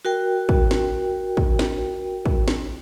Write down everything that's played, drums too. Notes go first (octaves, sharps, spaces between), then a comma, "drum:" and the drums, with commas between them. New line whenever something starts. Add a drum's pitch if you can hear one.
F#4 A#4 G5
drum: kick
drum: snare
drum: kick
drum: snare
drum: kick
drum: snare